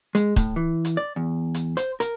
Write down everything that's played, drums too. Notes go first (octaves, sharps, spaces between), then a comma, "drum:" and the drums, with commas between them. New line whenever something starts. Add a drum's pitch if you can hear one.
G#3, drum: hi-hat
A2, drum: kick, hi-hat
E3
drum: hi-hat
D5
E2
drum: hi-hat
C5, drum: hi-hat
A#4, drum: hi-hat